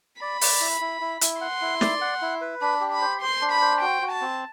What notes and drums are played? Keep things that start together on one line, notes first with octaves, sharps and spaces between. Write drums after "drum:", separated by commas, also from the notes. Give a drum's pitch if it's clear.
D5 B5
D5, drum: open hi-hat
E4
E4
E4
E4, drum: hi-hat
F#5 C6
E4
D5, drum: snare
F#5
E4
B4
D4 B5
G4
B5
C5
C5 C6
D4
B5
C5
F#4 G5
F#4
A5
C4